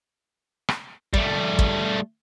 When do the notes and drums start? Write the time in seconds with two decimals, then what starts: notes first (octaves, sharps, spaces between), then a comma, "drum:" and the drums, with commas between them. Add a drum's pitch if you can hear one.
0.69 drum: rim click
1.14 G3 A3, drum: kick
1.59 drum: kick